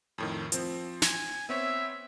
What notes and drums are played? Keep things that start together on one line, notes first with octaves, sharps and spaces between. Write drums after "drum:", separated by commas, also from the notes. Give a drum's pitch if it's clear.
F2 A2 D#3
F3 C4, drum: hi-hat
G#5, drum: snare
B3 C4 C#5 E5